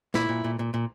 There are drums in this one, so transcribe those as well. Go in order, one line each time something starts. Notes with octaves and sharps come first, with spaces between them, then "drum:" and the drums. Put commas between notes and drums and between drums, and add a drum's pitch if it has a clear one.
A#2 E4, drum: snare
A#2
A#2
A#2
A#2